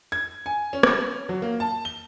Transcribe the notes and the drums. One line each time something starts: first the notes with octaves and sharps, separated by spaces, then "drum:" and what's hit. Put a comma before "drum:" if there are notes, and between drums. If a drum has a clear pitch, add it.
G#6
G#5
C#4
drum: rim click
F#3
A#3
A5
G7